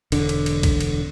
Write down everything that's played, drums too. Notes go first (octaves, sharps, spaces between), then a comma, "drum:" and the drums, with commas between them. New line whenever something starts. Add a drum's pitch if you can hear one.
E1 D3, drum: cymbal
drum: cymbal
drum: cymbal
drum: kick B1, cymbal
drum: cymbal